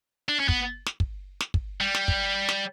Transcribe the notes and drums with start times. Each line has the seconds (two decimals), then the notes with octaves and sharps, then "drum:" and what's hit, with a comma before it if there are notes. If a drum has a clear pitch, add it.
0.29 D4
0.40 C#4
0.49 B3, drum: kick
0.86 drum: snare
1.00 drum: kick
1.40 drum: snare
1.54 drum: kick
1.81 G3
1.95 drum: snare
2.08 drum: kick
2.49 drum: snare